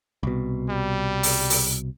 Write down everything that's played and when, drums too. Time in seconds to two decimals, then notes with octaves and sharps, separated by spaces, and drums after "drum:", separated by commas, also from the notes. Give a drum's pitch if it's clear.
0.23 C2 B2
0.70 G3
1.23 drum: open hi-hat
1.50 drum: open hi-hat